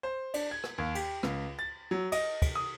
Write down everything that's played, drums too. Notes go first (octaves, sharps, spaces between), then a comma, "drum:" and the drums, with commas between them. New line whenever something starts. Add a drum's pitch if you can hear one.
C5
D4, drum: cymbal
G#6
drum: rim click
D#2
G4, drum: cymbal
C#2, drum: rim click
A6
F#3
D#5, drum: cymbal
drum: kick, cymbal
D#6